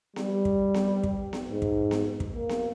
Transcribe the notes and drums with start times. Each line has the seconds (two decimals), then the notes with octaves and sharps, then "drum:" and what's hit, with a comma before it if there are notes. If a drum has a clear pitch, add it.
0.16 G3, drum: snare B3
0.45 drum: kick
0.74 drum: snare B3
1.04 drum: kick
1.33 drum: snare B3
1.49 G#2
1.62 drum: kick
1.91 drum: snare B3
2.20 drum: kick
2.35 A#3
2.49 drum: snare B3